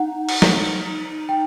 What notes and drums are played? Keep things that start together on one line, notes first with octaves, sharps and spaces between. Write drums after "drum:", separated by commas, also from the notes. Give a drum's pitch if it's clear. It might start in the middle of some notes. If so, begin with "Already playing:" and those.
Already playing: D#4 F#5
drum: cymbal
drum: snare
G5